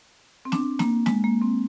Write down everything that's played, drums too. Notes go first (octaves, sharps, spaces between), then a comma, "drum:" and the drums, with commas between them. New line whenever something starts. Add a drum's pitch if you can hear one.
C4
D4, drum: snare
A#3, drum: snare
G#3, drum: snare
A#3
C4